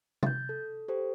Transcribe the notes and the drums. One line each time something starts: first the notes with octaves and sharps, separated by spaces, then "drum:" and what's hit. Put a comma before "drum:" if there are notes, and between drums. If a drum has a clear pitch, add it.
G6 A6, drum: tom C3
A4
G4 A4 C5